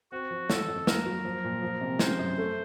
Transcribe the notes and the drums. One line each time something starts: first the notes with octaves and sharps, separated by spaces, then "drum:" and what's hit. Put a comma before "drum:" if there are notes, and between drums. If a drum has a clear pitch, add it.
C4 F#4
F3
D#3 A4, drum: snare
F2
A#3 A#4, drum: snare
F#3
F3
A#2
F3
C3
C#3 C5, drum: snare
F#2
A3